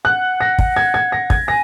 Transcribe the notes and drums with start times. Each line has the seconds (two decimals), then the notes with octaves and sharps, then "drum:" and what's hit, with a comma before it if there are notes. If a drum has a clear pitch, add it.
0.05 F#5 F#6
0.41 A#6
0.59 drum: kick
0.77 G#6
0.94 G#6
1.12 A#6
1.30 G#6, drum: kick
1.48 G#5 A#6